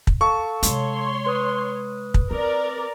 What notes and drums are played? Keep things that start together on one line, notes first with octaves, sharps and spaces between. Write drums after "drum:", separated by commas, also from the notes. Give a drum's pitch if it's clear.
drum: kick
A4 F5 A5 C#6
C3 G#3 C#5 C6, drum: hi-hat
B4 D#6
drum: kick
C4 A#4 D5